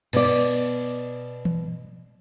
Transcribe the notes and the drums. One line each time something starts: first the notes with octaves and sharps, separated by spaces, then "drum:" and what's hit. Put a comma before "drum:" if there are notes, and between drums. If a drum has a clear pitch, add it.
B2 D5, drum: cymbal
drum: tom E3